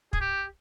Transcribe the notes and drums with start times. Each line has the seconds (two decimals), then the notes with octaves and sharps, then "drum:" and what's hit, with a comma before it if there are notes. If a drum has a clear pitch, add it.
0.13 G#4, drum: kick
0.20 G4